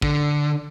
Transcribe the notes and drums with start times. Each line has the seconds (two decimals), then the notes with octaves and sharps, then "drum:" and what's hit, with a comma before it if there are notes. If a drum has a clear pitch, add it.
0.02 D3, drum: kick